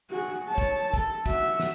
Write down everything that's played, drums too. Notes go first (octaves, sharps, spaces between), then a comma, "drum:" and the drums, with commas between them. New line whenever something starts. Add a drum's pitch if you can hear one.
F#4 G#4
C#5 A5
drum: kick, hi-hat
A4, drum: kick, hi-hat
F#4 E5, drum: kick, hi-hat
drum: snare